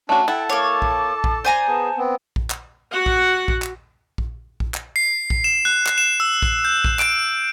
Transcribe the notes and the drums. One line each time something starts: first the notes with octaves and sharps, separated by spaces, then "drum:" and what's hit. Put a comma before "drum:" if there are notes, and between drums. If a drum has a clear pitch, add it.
A3 C#4 D4 F#4
E4 A4 F#5 G5 A5
A#3 C#5 D6
drum: kick A#1
drum: kick A#1
C5 D5 G#5 A#5
B3 G#4 A5
B3 C4
drum: kick A#1
drum: clap
F#4 F#5
drum: kick A#1
drum: kick A#1
drum: clap
drum: kick A#1
drum: kick A#1
drum: clap
C7
drum: kick A#1
E7
F#6
drum: clap
E7
E6
drum: kick A#1
G6
drum: kick A#1
D7, drum: clap